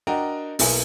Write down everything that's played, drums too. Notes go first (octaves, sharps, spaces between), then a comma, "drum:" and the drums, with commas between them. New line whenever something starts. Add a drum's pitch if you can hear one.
D4 F#4 A#4 D#5 G5 A#5
B1 B2 A#3 B3 E4 G#5, drum: open hi-hat